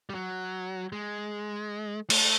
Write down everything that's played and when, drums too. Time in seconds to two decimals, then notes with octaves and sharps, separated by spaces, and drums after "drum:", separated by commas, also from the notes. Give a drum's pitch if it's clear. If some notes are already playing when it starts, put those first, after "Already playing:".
0.10 G3
0.14 F#3
0.92 G#3
2.10 A3, drum: cymbal